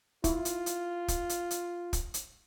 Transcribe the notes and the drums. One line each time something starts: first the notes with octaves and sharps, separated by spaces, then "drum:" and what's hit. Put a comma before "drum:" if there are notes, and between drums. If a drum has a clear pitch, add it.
E4 F4, drum: kick, hi-hat
drum: hi-hat
drum: hi-hat
drum: kick, hi-hat
drum: hi-hat
drum: hi-hat
drum: kick, hi-hat
drum: hi-hat